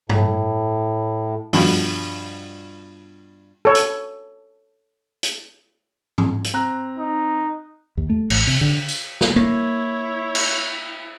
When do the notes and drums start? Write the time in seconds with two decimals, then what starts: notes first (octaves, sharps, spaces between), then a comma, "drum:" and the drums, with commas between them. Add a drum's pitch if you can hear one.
0.09 A2, drum: tom G2
1.53 G2 B2 F3, drum: open hi-hat
3.65 A4 C#5
3.75 drum: hi-hat
5.23 drum: hi-hat
6.18 drum: tom
6.44 drum: hi-hat
6.54 C4 A#5 F#6
6.98 D#4
7.97 D#2
8.10 A3
8.30 A1, drum: cymbal
8.47 C3, drum: open hi-hat
8.61 D3
8.88 drum: tambourine
9.21 drum: snare
9.36 A#3 E4 C#5
10.35 drum: cymbal